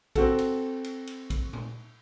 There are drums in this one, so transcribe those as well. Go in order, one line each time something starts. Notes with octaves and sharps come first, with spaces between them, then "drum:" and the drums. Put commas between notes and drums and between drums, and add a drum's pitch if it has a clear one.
C4 F#4 A4, drum: kick A1, cymbal
drum: cymbal
drum: cymbal
drum: cymbal
drum: kick A1, cymbal
drum: tom A#2